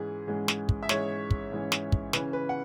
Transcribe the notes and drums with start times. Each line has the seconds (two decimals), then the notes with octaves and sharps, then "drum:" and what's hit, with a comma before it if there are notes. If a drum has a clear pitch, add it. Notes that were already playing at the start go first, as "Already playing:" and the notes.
Already playing: G#2 E3 G#3 C#4 G#4
0.27 G#2 E3 G#3 C#4
0.48 drum: snare
0.69 drum: kick
0.83 E5
0.89 G#2 E3 G#3 C#4 C#5, drum: snare
1.31 drum: kick
1.52 G#2 E3 G#3 C#4
1.72 drum: snare
1.92 drum: kick
2.13 C#3 E3 C#4 B4, drum: snare
2.33 B4
2.49 F#5